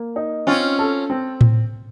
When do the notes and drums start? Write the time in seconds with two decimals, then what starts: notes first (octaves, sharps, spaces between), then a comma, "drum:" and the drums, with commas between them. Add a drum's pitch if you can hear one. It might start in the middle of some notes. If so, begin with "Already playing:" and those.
Already playing: A#3
0.16 D#4
0.47 C4 C#4 F4
0.79 A4
1.10 C4
1.41 drum: tom A2